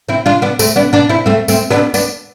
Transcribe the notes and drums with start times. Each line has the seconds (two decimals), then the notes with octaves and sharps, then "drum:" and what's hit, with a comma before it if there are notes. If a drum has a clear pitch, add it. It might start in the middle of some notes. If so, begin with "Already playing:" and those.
0.09 C4 E4
0.26 D4 F4
0.42 B3 D4
0.59 A3 C4, drum: tambourine
0.76 B3 D4
0.93 B3 D4
1.09 C4 E4
1.26 A3 C4
1.48 A3 C4, drum: tambourine
1.70 B3 D4, drum: rim click
1.94 B3 D4, drum: tambourine